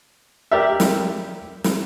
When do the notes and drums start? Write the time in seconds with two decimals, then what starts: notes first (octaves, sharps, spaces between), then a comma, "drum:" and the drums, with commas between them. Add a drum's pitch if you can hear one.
0.52 G4 A#4 D5 E5
0.80 drum: snare
1.64 drum: snare